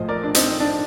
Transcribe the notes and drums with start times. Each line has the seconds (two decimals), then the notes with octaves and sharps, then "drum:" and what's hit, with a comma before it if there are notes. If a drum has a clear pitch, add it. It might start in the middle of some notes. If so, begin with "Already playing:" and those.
Already playing: A#1 A2 F3 C5 D#5
0.09 A#4 D5
0.23 D4
0.35 C4 D#4, drum: hi-hat
0.60 D4